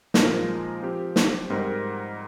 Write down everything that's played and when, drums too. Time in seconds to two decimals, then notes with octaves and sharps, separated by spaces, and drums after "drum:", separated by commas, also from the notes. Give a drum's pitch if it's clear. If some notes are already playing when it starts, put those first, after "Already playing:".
0.14 A#2 F3 G#3 D#4 A#4, drum: snare
0.82 F3 C4 G4
1.16 drum: snare
1.50 G#2 G3 C4 D#4 A#4